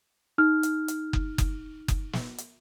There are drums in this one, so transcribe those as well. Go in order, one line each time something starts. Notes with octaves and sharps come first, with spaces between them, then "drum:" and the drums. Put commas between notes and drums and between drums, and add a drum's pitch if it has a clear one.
D#4 F6
drum: hi-hat
drum: hi-hat
drum: kick F#1
drum: kick F#1, hi-hat
drum: kick F#1, hi-hat
drum: snare
drum: hi-hat